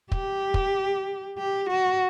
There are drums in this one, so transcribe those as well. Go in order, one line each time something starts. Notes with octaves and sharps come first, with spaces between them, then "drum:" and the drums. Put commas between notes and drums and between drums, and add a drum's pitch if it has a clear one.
G4, drum: kick
drum: kick
G4
F#4